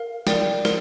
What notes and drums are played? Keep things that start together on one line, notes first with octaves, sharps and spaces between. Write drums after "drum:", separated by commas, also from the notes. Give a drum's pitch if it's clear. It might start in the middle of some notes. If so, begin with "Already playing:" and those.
Already playing: A#4 F5
A#4 D5 G5, drum: snare
A#4, drum: snare